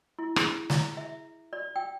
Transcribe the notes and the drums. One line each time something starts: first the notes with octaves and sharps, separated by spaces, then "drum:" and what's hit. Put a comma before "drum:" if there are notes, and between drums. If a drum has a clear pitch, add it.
E4
G#4, drum: rim click
A#5, drum: snare
E5
D5
G5